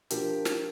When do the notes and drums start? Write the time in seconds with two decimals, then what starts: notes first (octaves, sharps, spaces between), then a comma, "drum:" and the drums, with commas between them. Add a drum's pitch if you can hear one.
0.10 F3 A#3 D4 G4 A#4, drum: hi-hat
0.45 drum: snare